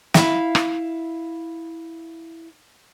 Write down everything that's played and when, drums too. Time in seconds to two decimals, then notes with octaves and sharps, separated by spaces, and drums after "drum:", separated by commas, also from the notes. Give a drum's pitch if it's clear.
0.14 E4 E5 F5, drum: snare
0.55 drum: rim click